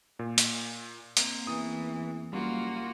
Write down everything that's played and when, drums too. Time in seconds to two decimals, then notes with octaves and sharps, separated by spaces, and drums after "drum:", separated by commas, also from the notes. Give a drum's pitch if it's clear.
0.19 A#2
0.38 drum: hi-hat
1.17 A#3 C4 C5, drum: hi-hat
1.47 E2 E3 D#6
2.33 F#1 G3 A#3 F4 F#4